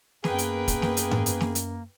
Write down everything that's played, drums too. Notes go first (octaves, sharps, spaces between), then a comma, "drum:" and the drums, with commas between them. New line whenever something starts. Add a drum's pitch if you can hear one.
F#2 A#3 B3 G#4 B4 G5, drum: snare
drum: hi-hat
drum: kick, hi-hat
drum: snare
drum: hi-hat
drum: tom G#2
drum: hi-hat
drum: snare
drum: hi-hat